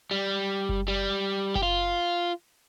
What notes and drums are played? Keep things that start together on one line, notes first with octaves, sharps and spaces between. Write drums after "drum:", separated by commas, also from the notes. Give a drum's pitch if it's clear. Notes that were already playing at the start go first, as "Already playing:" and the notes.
G3
drum: kick F#1
G3
G4, drum: kick F#1
F4